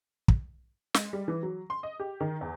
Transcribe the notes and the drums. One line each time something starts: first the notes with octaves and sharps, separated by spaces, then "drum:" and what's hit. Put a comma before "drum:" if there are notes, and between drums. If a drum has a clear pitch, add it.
drum: kick
G#3, drum: snare
G3
E3
F#3
C6
D#5
G4
D#3
E2